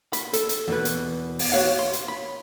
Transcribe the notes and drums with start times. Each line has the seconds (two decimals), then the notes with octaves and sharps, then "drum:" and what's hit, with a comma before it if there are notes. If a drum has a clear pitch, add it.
0.13 B5, drum: hi-hat
0.33 A4, drum: hi-hat
0.49 drum: hi-hat
0.68 E2 B2 B4
0.85 drum: hi-hat
1.39 drum: open hi-hat
1.52 F#4 B4 C#5 F5 F#5
1.79 C6
1.93 drum: hi-hat
2.08 B5